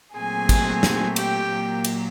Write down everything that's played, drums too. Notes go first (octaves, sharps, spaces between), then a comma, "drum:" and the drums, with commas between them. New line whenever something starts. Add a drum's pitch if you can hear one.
A#2 F#3 A3 C4 G#4 G#5
drum: kick, cymbal
drum: snare
G4 G5, drum: cymbal
A#2 F#3 A#3
drum: cymbal